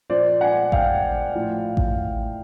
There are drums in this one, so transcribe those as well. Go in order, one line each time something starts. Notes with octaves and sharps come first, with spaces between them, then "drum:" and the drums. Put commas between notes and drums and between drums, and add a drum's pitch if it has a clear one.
A#2 F3 C5 D5
F#5 G#5
F5 G5, drum: kick A1
A2 F3
drum: kick A1